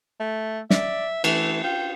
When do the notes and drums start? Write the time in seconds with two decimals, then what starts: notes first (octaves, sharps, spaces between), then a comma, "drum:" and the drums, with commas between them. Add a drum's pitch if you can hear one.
0.20 A3
0.70 D5 E5, drum: snare
1.24 E3 A3, drum: cymbal
1.64 F4 G5